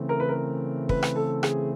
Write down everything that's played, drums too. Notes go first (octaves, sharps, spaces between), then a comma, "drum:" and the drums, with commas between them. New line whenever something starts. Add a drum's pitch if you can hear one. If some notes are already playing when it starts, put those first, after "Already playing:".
Already playing: C#3 E3 A3 C4
A#4
B4
A#4
B4, drum: kick
drum: rim click
A4
G#4, drum: rim click